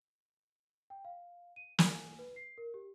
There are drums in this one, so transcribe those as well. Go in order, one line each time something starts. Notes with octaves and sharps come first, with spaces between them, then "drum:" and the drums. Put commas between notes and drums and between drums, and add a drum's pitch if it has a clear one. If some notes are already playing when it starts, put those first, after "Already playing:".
G5
F5
D#7
G#5, drum: snare
B4
C7
A#4
G4